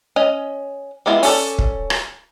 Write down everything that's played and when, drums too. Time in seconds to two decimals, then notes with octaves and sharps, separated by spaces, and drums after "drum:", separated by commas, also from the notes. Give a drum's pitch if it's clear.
0.16 C#4 D#5
1.06 G#3 B3 E4 F4
1.23 C#4 A4 D5, drum: open hi-hat
1.59 drum: kick
1.90 drum: rim click